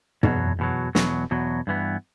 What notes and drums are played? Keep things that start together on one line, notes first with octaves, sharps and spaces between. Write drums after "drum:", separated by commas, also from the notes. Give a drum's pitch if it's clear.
E2 B2 F#3, drum: tom
E2 B2 F#3
E2 B2 F#3, drum: snare
E2 B2 F#3
G2 E3 B3